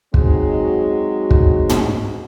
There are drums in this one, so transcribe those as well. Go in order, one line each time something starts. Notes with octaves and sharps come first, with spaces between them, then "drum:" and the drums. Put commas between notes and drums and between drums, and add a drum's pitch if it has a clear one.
F#3 G#3 C4 D#4 F#4, drum: kick
drum: kick
drum: tom